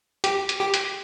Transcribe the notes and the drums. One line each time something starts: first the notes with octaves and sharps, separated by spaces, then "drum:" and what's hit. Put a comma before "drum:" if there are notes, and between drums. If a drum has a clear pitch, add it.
G4, drum: hi-hat
drum: hi-hat
G4
drum: hi-hat